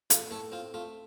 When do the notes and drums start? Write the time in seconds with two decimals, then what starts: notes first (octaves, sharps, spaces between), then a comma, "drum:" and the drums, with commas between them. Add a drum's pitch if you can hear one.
0.10 A2 F4, drum: hi-hat
0.31 A2 A3 A4
0.52 C4 F4
0.74 A3 F4